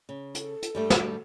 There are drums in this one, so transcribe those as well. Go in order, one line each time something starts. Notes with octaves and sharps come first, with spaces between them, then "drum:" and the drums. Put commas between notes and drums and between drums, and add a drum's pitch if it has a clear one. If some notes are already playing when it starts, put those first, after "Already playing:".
C#3
A4, drum: hi-hat
drum: hi-hat
G2 G3 A3
drum: snare